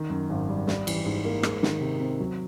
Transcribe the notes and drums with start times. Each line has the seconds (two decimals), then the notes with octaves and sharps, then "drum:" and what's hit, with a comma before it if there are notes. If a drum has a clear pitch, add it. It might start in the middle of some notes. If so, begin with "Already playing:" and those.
Already playing: D#3
0.10 F#2
0.30 G#1
0.48 G3
0.67 G3, drum: snare
0.87 E3, drum: cymbal
1.06 G#2
1.25 A#3
1.43 G#3, drum: rim click
1.63 D#3, drum: snare
1.81 C3
2.00 C4
2.20 F#3